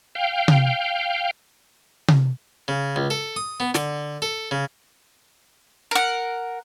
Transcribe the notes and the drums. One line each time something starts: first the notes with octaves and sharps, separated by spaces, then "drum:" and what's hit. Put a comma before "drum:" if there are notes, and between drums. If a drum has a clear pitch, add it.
F5 G5
drum: tom C3
drum: tom C3
C#3
C#2
A4
D#6
B3
D3, drum: snare
A4
C#3
A#4 F#5